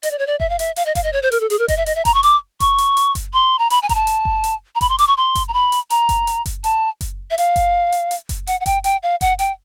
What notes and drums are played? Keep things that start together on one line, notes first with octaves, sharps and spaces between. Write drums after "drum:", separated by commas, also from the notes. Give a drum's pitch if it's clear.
D#5, drum: hi-hat
D5
C#5
D5
E5, drum: kick F#1
F5
E5, drum: hi-hat
F5, drum: hi-hat
D#5
F5, drum: kick F#1, hi-hat
D#5
C#5
C5
A#4, drum: hi-hat
A4
G#4, drum: hi-hat
A#4
D#5, drum: kick F#1, hi-hat
E5
D#5, drum: hi-hat
E5
A#5, drum: kick F#1, hi-hat
C#6
D6, drum: hi-hat
C#6, drum: kick F#1, hi-hat
drum: hi-hat
drum: hi-hat
drum: kick F#1, hi-hat
C6
A#5
B5, drum: hi-hat
G#5
A#5, drum: kick F#1, hi-hat
A5
drum: hi-hat
drum: kick F#1
drum: hi-hat
A#5
B5, drum: kick F#1, hi-hat
C6
D6, drum: hi-hat
C#6
C6
drum: kick F#1, hi-hat
A#5
B5
drum: hi-hat
A#5, drum: hi-hat
drum: kick F#1, hi-hat
drum: hi-hat
drum: kick F#1, hi-hat
A5, drum: hi-hat
drum: kick F#1, hi-hat
E5
F5, drum: hi-hat
drum: kick F#1, hi-hat
drum: hi-hat
drum: hi-hat
drum: kick F#1, hi-hat
F#5, drum: hi-hat
F#5
G5, drum: kick F#1, hi-hat
G5, drum: hi-hat
F5
F#5, drum: kick F#1, hi-hat
G5, drum: hi-hat